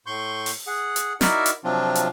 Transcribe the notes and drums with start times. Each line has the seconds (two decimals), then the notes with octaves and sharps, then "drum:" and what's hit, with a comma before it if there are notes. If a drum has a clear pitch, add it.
0.06 A2 C6 C#6 G6
0.46 drum: open hi-hat
0.67 G#4 F#5
0.96 drum: hi-hat
1.21 D#4 E4 F#4 A#4 D5 E5, drum: snare
1.46 drum: hi-hat
1.64 C3 F3 F#3 C4 D4 F4
1.95 drum: hi-hat